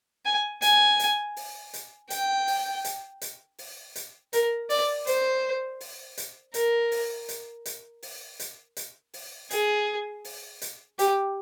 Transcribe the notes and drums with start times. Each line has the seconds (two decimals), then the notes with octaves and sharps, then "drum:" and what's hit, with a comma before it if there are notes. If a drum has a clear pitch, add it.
0.25 G#5
0.62 G#5, drum: hi-hat
0.99 drum: hi-hat
1.36 drum: open hi-hat
1.73 drum: hi-hat
2.10 G5, drum: hi-hat
2.47 drum: open hi-hat
2.84 drum: hi-hat
3.21 drum: hi-hat
3.58 drum: open hi-hat
3.95 drum: hi-hat
4.33 A#4, drum: hi-hat
4.70 D5, drum: open hi-hat
5.07 C5, drum: hi-hat
5.81 drum: open hi-hat
6.18 drum: hi-hat
6.54 A#4, drum: hi-hat
6.92 drum: open hi-hat
7.29 drum: hi-hat
7.66 drum: hi-hat
8.03 drum: open hi-hat
8.40 drum: hi-hat
8.77 drum: hi-hat
9.14 drum: open hi-hat
9.51 G#4, drum: hi-hat
10.25 drum: open hi-hat
10.62 drum: hi-hat
10.99 G4, drum: hi-hat